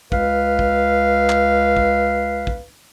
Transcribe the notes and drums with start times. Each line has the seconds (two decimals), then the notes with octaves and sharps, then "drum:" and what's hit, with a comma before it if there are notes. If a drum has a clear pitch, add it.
0.12 C#2 B4 F5, drum: kick
0.59 drum: kick
1.29 drum: clap
1.77 drum: kick
2.47 drum: kick